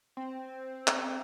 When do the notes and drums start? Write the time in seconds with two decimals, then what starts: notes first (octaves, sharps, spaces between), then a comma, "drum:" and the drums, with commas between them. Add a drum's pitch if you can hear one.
0.17 C4
0.87 drum: clap